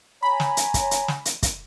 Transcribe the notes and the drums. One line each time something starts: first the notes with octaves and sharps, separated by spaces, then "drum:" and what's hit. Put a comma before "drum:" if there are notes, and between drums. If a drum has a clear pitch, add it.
C#5 G#5 A#5 B5
drum: snare
drum: hi-hat
drum: kick, hi-hat
drum: hi-hat
drum: snare
drum: hi-hat
drum: kick, hi-hat